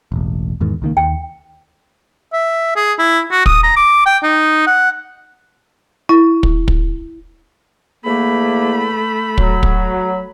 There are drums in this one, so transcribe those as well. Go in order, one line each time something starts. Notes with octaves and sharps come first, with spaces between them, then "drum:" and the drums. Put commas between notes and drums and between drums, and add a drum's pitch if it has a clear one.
E1 A1
E2 G#2 D#3
C#2 D#3 A#3
D#2 G5
E5
G#4
E4
F#4
D#6, drum: kick
A#5
D6
G5
D#4
F#5
E4
drum: kick
drum: kick
E2 A3 A#3 B5
F#3, drum: kick
drum: kick